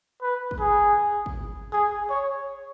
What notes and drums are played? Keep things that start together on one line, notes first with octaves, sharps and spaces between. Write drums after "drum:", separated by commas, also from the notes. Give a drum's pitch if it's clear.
B4
drum: kick
G#4
drum: kick
G#4
C#5